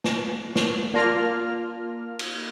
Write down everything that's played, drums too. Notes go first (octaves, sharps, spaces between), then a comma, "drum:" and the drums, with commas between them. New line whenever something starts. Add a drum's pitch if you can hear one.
drum: snare
drum: snare
A#3 F4 D5 A5 F6 A#6
drum: cymbal